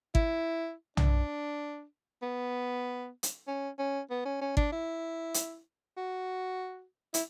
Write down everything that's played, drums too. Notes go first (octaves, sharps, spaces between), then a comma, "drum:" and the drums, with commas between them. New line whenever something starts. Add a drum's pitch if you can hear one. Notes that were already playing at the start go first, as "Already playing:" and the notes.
E4, drum: kick
D4, drum: tom B1
B3
drum: hi-hat
C#4
C#4
B3
C#4
C#4
D4, drum: kick
E4
drum: hi-hat
F#4
E4, drum: hi-hat